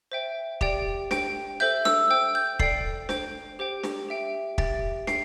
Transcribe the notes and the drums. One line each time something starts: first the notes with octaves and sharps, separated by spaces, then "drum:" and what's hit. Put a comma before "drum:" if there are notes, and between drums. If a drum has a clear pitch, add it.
C5 E5 G5
G4 D5 G5, drum: kick
C5 G5, drum: snare
A4 C5 E5 G6
E6, drum: snare
C5 G5
G6
A4 D5 G5 C7, drum: kick
C5 G5, drum: snare
G4 C5 G5
drum: snare
G4 E5 G5
G4 E5 G5 A6, drum: kick
G5 C7, drum: snare